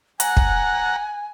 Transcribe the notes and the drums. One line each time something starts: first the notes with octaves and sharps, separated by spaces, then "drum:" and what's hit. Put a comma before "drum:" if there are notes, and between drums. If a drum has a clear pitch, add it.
F#5 G#5 A#5, drum: hi-hat
drum: kick